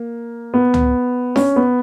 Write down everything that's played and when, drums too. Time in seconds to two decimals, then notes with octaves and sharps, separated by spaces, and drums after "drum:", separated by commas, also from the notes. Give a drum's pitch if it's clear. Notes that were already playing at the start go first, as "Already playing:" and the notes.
Already playing: A#3
0.54 B3
0.74 drum: tom
1.36 C#4, drum: snare D4
1.56 B3